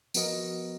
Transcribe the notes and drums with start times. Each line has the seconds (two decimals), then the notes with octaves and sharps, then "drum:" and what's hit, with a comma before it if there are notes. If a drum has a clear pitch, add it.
0.14 F3 B3 F#4 A#4 D#5, drum: tambourine